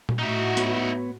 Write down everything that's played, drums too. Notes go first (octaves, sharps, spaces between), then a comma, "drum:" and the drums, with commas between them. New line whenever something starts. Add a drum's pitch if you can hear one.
drum: tom A#2
A2 D#4 F#4 E5
B3 B4 C#5, drum: hi-hat